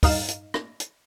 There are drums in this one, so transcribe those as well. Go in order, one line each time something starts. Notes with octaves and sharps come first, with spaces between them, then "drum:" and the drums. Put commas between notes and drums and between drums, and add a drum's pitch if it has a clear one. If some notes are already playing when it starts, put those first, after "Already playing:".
G2 D#4 F5 E7, drum: kick, open hi-hat
drum: hi-hat
drum: rim click
drum: hi-hat